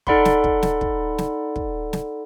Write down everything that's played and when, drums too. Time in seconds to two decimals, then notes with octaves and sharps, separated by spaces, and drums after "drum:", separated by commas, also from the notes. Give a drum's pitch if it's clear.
0.07 D#4 A4 D5 F#5 B5 C6, drum: kick
0.25 drum: snare
0.44 drum: kick
0.63 drum: snare
0.81 drum: kick
1.18 drum: snare
1.56 drum: kick
1.93 drum: snare